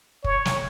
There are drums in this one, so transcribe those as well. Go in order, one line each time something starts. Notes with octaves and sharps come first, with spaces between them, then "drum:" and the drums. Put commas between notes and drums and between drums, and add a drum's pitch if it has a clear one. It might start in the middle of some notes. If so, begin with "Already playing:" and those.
C#5, drum: kick
drum: snare